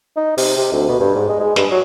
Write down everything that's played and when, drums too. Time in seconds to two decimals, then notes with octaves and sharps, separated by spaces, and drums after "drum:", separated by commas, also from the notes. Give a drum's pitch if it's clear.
0.17 D#4
0.38 C3, drum: open hi-hat
0.57 C3
0.72 D2
0.89 B2
1.00 G2
1.15 G#2
1.29 G#3
1.40 G#3
1.56 G2, drum: snare
1.71 F#3